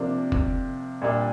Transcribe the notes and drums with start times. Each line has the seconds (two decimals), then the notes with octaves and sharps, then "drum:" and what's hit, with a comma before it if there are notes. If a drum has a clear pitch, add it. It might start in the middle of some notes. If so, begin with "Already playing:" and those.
Already playing: C3 F3 A#3 D4
0.32 drum: kick F1
1.02 A#2 G3 D4